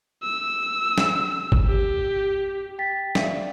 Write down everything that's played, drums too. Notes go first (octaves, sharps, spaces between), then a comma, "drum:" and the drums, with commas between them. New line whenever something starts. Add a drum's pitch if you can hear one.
E6
drum: snare
drum: kick G1
G4
G5 A6 B6
D5 E5 F5, drum: snare